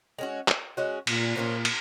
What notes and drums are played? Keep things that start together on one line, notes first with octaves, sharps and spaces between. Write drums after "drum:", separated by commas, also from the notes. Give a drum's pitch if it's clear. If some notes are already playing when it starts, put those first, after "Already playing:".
G#3 C#4 F#4
drum: clap
G#3 C#4 F#4
A#2, drum: cymbal
A#2 F3 A#3 C#4 F4
drum: cymbal